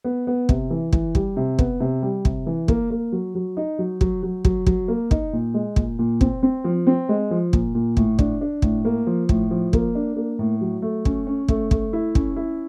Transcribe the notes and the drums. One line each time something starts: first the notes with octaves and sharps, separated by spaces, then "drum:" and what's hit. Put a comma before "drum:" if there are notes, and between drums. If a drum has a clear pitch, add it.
B3
B3
C3, drum: kick
E3
E3, drum: kick
G3, drum: kick
C3
B3, drum: kick
C3
G3
C3, drum: kick
E3
A#3, drum: kick
A#3
F#3
F#3
D#4
F#3
F#3, drum: kick
F#3
F#3, drum: kick
F#3, drum: kick
A#3
D#4, drum: kick
A#2
G#3
A#2, drum: kick
A#2
C4, drum: kick
C4
F3
C4
G#3
F3
A#2, drum: kick
A#2
A2, drum: kick
D4, drum: kick
D4
A2, drum: kick
A#3
F3
A2, drum: kick
F3
A#3, drum: kick
D4
A#3
A2
F#3
A3
C#4, drum: kick
C#4
A3, drum: kick
A3, drum: kick
E4
C#4, drum: kick
E4